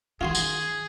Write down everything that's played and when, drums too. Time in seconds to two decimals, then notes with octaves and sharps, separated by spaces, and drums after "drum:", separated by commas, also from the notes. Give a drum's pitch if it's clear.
0.21 D#3 F4 F#4 G#4 C6
0.35 drum: tambourine